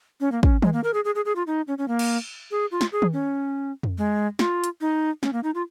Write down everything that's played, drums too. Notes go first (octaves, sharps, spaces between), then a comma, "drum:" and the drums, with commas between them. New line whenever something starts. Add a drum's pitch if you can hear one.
C#4
A#3
C#4, drum: kick
G#3, drum: tom D#3
A#3
A#4
G#4
G#4
G#4
G#4
F4
D#4
C#4
C#4
A#3
drum: cymbal
G#4
F4
drum: snare
G#4
drum: tom D#3
C#4
drum: tom F2
G#3
F4, drum: snare
drum: hi-hat
D#4
C#4, drum: snare
A#3
D#4
F4